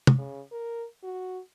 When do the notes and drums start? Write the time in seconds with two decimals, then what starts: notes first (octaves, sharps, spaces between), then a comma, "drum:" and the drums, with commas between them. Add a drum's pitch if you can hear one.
0.07 drum: tom
0.18 C#3
0.52 A#4
1.03 F#4